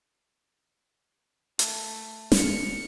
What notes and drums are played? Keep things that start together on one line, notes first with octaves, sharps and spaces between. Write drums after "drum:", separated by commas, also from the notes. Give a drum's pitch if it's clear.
A3, drum: hi-hat
F6 C#7, drum: snare